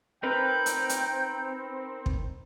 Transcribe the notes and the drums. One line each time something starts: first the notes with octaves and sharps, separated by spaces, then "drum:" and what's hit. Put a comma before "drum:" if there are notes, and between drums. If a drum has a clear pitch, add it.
C4 D#4 A#4 B4 G5
drum: hi-hat
drum: hi-hat
drum: kick